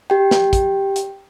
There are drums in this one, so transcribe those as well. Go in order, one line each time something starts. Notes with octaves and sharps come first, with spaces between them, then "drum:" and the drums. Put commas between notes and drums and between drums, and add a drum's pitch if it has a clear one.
G4 G5
drum: snare
drum: kick, hi-hat
drum: hi-hat